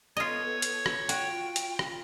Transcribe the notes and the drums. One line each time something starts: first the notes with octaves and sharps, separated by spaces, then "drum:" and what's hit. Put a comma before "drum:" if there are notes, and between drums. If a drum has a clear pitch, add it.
B3 F4 A4 C#5 D#5
drum: hi-hat
drum: rim click
F4 F#4 G5, drum: hi-hat
drum: hi-hat
drum: rim click